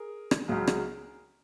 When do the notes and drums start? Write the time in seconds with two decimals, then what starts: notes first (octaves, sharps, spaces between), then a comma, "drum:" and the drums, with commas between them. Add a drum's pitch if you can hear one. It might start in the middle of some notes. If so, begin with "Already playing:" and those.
Already playing: G#4 A#4
0.31 drum: rim click
0.48 C#2 C#3 F#3
0.67 drum: rim click